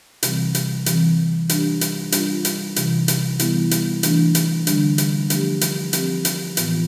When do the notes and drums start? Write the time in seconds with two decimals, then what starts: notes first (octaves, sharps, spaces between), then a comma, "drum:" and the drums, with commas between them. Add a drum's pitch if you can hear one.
0.23 C3 E3 G3 C4, drum: hi-hat
0.55 drum: hi-hat
0.86 E3 G3 C4, drum: hi-hat
1.49 E3 G3 D4 G4, drum: hi-hat
1.81 drum: hi-hat
2.12 G3 D4 F4, drum: hi-hat
2.45 drum: hi-hat
2.76 C3 E3 G3, drum: hi-hat
3.08 drum: hi-hat
3.39 E3 G3 B3 E4, drum: hi-hat
3.71 drum: hi-hat
4.03 E3 A3 D4, drum: hi-hat
4.35 drum: hi-hat
4.67 D3 G3 D4, drum: hi-hat
4.98 drum: hi-hat
5.30 F3 A3 D4 G4, drum: hi-hat
5.61 drum: hi-hat
5.93 F3 C4 G4, drum: hi-hat
6.25 drum: hi-hat
6.57 A2 E3 B3 F4, drum: hi-hat